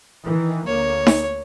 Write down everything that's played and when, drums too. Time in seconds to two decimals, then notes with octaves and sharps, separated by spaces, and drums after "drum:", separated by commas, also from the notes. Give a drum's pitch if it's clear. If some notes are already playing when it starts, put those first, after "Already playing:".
0.24 D#3 E3
0.66 D2 A#3 C#5
1.07 drum: snare D#4